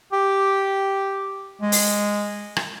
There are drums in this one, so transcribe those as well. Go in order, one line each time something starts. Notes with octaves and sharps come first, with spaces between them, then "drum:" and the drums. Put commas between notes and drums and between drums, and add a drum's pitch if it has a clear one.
G4
G#3
drum: open hi-hat
drum: rim click